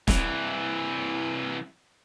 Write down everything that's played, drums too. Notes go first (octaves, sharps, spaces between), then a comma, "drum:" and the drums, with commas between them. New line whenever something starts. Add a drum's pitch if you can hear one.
C2 E3, drum: snare